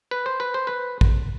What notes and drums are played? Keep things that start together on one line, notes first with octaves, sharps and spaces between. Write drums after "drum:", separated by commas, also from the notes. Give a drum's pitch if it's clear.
B4
C5
B4
C5
B4
drum: kick